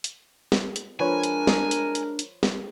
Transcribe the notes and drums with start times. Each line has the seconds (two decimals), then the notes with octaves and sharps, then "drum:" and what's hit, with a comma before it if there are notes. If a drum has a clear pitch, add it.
0.04 drum: hi-hat
0.52 drum: snare
0.76 drum: hi-hat
1.00 F3 G#3 D4 A#4 B4 C#5 G#5
1.23 drum: hi-hat
1.47 drum: snare
1.71 drum: hi-hat
1.95 drum: hi-hat
2.19 drum: hi-hat
2.43 drum: snare